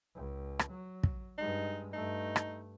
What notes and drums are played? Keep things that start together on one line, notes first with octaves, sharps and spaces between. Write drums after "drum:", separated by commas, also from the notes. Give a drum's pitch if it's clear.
C#2
drum: rim click
F#3
drum: kick
G2 G#3 D#4
G2 A3 D#4
drum: rim click